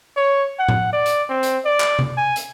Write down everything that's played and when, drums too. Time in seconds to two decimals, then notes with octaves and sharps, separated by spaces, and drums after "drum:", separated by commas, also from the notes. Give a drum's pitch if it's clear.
0.17 C#5
0.59 F#5
0.69 drum: tom A2
0.93 D5
1.06 drum: hi-hat
1.29 C4
1.43 drum: hi-hat
1.65 D5
1.80 drum: clap
1.99 drum: tom C3
2.17 G#5
2.36 drum: hi-hat